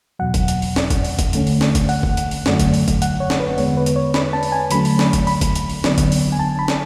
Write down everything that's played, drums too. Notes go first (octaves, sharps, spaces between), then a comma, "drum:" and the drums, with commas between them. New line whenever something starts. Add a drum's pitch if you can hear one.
E2 B2 F#3 F#5
drum: kick, hi-hat
drum: hi-hat
drum: open hi-hat
drum: snare
drum: kick, hi-hat
drum: open hi-hat
drum: kick, hi-hat
D3 A3 C#4, drum: hi-hat
drum: open hi-hat
drum: snare
drum: kick, hi-hat
F#5, drum: open hi-hat
drum: kick
drum: hi-hat
drum: open hi-hat
F#2 D3 F#3 A3, drum: snare
drum: kick, hi-hat
drum: open hi-hat
drum: kick, hi-hat
F#5, drum: hi-hat
C#5
drum: snare
B4
E2 D3 G#3 B3 C#5, drum: open hi-hat
B4
drum: hi-hat
C#5
B5, drum: snare
A5
drum: open hi-hat
G#5
D3 F#3 A3 C#4 B5, drum: hi-hat
drum: open hi-hat
drum: snare
drum: kick, hi-hat
B5, drum: open hi-hat
drum: kick, hi-hat
drum: hi-hat
drum: open hi-hat
D3 F#3 B3 D4, drum: snare
drum: kick, hi-hat
drum: open hi-hat
G#5
A5
B5
drum: snare